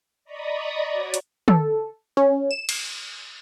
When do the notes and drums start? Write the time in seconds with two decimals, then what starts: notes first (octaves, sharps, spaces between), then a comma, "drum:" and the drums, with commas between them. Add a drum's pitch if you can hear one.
0.25 D5 D#5 A#5 B5 C#6 D#6
0.91 F#4 C#5 D5
1.14 drum: hi-hat
1.48 A4, drum: tom
2.17 C#4
2.51 E7
2.69 drum: cymbal